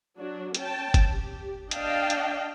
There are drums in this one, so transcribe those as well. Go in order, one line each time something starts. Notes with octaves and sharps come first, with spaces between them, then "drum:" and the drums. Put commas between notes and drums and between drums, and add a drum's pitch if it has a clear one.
F#3 D4 F#4
C#4 G5 A5, drum: hi-hat
drum: kick, hi-hat
G4
D4 D#5 F5 G5 A5, drum: hi-hat
drum: hi-hat